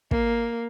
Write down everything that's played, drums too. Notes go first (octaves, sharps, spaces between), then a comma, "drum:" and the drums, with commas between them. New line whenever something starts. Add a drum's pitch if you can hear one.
A#3, drum: kick